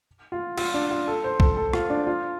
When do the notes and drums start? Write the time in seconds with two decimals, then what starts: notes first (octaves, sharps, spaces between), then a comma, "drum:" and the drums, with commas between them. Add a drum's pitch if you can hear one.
0.32 F4
0.58 F4, drum: cymbal
0.74 D4
0.91 F4
1.08 A4
1.24 C5
1.40 A4, drum: kick C2
1.57 A4
1.73 F4, drum: rim click
1.90 D4
2.07 F4